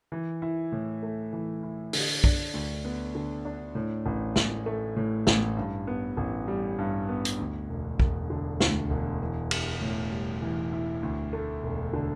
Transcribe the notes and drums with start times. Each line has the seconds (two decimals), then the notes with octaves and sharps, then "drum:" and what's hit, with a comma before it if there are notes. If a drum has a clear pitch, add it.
0.12 E3
0.42 E4
0.72 A2
1.03 A3
1.33 E3
1.63 E4
1.93 D3, drum: open hi-hat
2.24 D4, drum: kick
2.54 D2
2.85 B3
3.15 D3
3.45 D4
3.75 A2
4.06 A1
4.36 A1, drum: snare
4.66 A3
4.96 A2
5.27 A1, drum: snare
5.57 G2
5.87 B3
6.17 A1
6.48 G3
6.79 G2
7.09 B3
7.25 drum: hi-hat
7.39 D2
7.69 E1
8.00 E1, drum: kick
8.30 D3
8.60 D2, drum: snare
8.90 E1
9.21 E3
9.51 E4, drum: cymbal
9.81 A2
10.12 G3
10.42 E3
10.73 E4
11.03 D2
11.33 A3
11.63 E1
11.93 D3